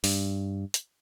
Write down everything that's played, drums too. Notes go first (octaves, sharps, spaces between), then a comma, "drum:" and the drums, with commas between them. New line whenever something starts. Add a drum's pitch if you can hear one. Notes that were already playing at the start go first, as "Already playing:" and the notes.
G2, drum: open hi-hat
drum: hi-hat